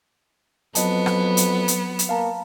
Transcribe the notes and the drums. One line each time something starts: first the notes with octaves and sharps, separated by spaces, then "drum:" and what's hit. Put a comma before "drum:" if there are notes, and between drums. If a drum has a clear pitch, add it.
F2 F#3 B3 B4 D#5 A5, drum: hi-hat
drum: rim click
drum: hi-hat
drum: hi-hat
drum: hi-hat
A#3 F5 A5 A#5